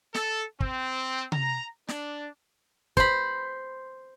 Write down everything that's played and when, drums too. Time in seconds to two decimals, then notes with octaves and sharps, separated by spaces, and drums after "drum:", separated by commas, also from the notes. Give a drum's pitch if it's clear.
0.14 A4, drum: snare
0.60 C4, drum: kick
1.32 A#5, drum: tom C3
1.88 D4, drum: snare
2.97 C5 B5, drum: kick